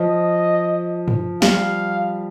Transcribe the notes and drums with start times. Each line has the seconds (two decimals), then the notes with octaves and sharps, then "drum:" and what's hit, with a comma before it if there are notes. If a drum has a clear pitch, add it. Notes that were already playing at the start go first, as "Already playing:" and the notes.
Already playing: F3 D#5
1.08 drum: tom G2
1.42 G3 F5, drum: snare